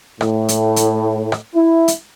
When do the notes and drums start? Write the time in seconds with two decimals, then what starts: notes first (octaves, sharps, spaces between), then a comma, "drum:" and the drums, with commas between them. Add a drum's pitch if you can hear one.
0.21 A2, drum: rim click
0.49 drum: hi-hat
0.76 drum: hi-hat
1.32 drum: rim click
1.54 E4
1.88 drum: hi-hat